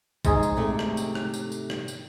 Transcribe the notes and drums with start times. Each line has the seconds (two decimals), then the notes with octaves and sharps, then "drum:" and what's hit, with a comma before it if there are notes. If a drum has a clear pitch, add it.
0.25 G#2 D#4 G#4, drum: kick A#1, tambourine
0.43 drum: tambourine
0.57 C3 A3
0.79 drum: rim click
0.97 drum: tambourine
1.15 drum: rim click
1.34 drum: tambourine
1.52 drum: tambourine
1.70 drum: rim click
1.88 drum: tambourine